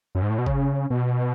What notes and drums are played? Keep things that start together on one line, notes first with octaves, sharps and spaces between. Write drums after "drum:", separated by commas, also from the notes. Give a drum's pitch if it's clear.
F#2
G#2
A2
B2
C#3, drum: kick
B2